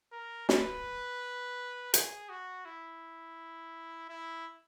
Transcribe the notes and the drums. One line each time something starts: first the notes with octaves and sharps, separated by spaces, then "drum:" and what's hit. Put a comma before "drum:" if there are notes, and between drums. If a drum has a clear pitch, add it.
A#4
B4, drum: snare
G#4, drum: hi-hat
F#4
E4
E4